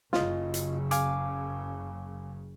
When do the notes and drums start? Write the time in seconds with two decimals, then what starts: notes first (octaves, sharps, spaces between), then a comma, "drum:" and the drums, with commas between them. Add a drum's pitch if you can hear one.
0.13 F#1 C#3 F4 D#5, drum: snare
0.54 drum: hi-hat
0.91 F5 G#5 D6, drum: hi-hat